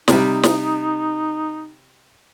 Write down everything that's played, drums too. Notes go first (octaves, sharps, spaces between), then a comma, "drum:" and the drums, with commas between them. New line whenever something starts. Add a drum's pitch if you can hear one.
C3 G3 D#4, drum: snare
drum: snare